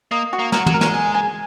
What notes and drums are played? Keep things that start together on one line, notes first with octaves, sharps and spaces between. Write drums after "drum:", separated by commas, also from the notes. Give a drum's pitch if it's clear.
A#3 D#5
F#4
A#3
F#3 A#4, drum: snare
F#3, drum: tom
A#4
G#3, drum: snare
G#5
G#5